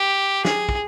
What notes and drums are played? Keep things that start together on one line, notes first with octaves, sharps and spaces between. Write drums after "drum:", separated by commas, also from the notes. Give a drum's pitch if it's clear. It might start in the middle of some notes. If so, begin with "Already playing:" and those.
Already playing: G4
G#4, drum: snare
drum: kick